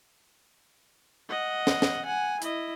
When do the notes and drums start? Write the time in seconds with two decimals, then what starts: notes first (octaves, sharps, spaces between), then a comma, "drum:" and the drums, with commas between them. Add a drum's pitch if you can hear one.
1.29 D#5 F#5
1.67 drum: snare
1.82 drum: snare
2.05 F#5 G#5
2.42 E4 D#5, drum: hi-hat